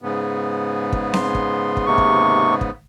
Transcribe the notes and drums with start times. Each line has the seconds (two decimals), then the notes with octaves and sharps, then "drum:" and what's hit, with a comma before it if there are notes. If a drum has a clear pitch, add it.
0.02 G#2 C#3 B3
0.92 drum: kick
1.14 C6, drum: snare C4
1.35 drum: kick
1.77 drum: kick
1.86 D#2 C3 C#6
1.98 drum: kick
2.61 drum: kick